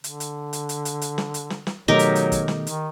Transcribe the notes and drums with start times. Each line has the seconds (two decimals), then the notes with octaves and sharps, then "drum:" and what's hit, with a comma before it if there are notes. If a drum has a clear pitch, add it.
0.04 D3, drum: hi-hat
0.20 drum: hi-hat
0.53 drum: hi-hat
0.69 drum: hi-hat
0.85 drum: hi-hat
1.01 drum: hi-hat
1.18 drum: snare
1.34 drum: hi-hat
1.50 drum: snare
1.67 drum: snare
1.88 B2 D#3 F#3 A3 D#4 G4 A#4
1.99 drum: hi-hat
2.15 drum: hi-hat
2.32 drum: kick, hi-hat
2.48 drum: snare
2.67 D#3, drum: hi-hat